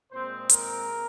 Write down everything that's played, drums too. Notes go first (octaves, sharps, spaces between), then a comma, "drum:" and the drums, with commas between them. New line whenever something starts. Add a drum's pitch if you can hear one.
A#2 G#3 C4 C5
A#4, drum: hi-hat